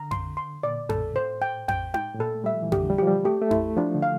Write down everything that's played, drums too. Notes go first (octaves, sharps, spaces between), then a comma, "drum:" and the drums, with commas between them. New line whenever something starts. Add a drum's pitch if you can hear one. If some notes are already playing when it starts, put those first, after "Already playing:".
Already playing: D3 A#5
C6, drum: tom F2
C6
A#2 D5
A2 A4, drum: tom F2
C5
G5
G5, drum: tom F2
G5, drum: tom D#4
A2
A#2 A4
A3
G3 E5
F3
E3
D3 G4, drum: tom F2
G3
F3 G4
G3
A3 G4
A3
E4, drum: tom F2
F3 D4
D3
F5